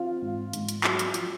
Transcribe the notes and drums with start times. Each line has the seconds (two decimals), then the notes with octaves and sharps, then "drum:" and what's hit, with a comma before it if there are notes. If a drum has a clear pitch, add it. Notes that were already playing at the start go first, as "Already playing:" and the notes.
Already playing: C4 F4 F5
0.22 G#2
0.53 G#2, drum: hi-hat
0.69 drum: hi-hat
0.84 F#3, drum: clap
0.99 drum: hi-hat
1.14 F3, drum: hi-hat